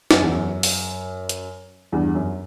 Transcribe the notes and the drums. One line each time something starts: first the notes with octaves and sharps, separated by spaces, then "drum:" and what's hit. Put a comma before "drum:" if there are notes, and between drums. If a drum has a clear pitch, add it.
F#2, drum: snare E4
E2
F#2
drum: open hi-hat
drum: hi-hat
E2 G2
F#2